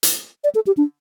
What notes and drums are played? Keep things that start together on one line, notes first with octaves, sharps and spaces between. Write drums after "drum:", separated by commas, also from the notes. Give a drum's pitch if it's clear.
drum: hi-hat
D5
A4
G4
D4